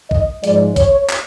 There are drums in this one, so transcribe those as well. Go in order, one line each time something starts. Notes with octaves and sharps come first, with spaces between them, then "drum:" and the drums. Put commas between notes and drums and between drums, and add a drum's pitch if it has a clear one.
D#5, drum: kick B1
G#2 F3 G#3 D5, drum: hi-hat
C#5, drum: kick B1, hi-hat
drum: clap